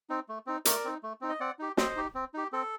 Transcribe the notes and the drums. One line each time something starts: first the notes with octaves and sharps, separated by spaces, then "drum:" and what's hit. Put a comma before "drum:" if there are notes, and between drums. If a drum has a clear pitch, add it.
C4 D#4
A3
C4 D#4
A3 A#4 D5, drum: hi-hat
C4 D#4
A3
C4 D#4
D#5
C4 D5 F#5
D#4 G4
C4 C5 D#5, drum: snare
D#4 G4
C4
D#4 G4
C4 A4